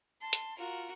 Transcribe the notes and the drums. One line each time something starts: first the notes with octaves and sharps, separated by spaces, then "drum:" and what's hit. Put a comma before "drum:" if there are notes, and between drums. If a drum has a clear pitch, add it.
A5 C6
drum: hi-hat
F4 F#4 A#4